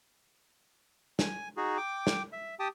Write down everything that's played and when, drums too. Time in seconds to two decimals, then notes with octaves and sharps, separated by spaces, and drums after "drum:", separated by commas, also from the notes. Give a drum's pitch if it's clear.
1.19 G#5, drum: snare
1.57 D#4 F#4 G#4
1.78 G5 D6
2.07 drum: snare
2.33 E5
2.59 G4 G5 A5 D#6